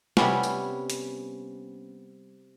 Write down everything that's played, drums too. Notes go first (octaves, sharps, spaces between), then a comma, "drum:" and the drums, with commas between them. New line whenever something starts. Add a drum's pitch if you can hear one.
C3 G3 B3 C#4, drum: snare
drum: tambourine
drum: hi-hat